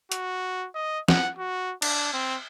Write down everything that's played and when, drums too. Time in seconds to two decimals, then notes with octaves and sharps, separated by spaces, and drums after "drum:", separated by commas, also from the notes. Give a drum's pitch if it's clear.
0.12 F#4, drum: hi-hat
0.75 D#5
1.08 F#5, drum: snare
1.38 F#4
1.82 D4, drum: cymbal
2.14 C4